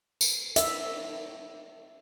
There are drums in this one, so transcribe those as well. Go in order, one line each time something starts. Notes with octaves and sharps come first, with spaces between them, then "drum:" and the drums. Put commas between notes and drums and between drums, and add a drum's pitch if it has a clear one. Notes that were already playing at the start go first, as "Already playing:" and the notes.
drum: tambourine
E5, drum: hi-hat